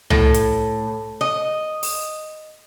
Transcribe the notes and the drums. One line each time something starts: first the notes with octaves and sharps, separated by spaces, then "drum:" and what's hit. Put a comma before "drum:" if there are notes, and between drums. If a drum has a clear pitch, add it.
A2, drum: tom C2
drum: hi-hat
D#5
drum: open hi-hat